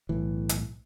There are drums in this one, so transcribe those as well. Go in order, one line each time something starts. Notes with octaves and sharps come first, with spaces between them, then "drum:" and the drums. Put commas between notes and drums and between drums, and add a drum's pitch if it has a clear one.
B1 A2 E3
drum: hi-hat